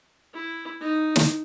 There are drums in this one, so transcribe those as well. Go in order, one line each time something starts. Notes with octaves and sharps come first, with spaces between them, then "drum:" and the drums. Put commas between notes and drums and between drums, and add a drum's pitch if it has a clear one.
E4
D#4
drum: snare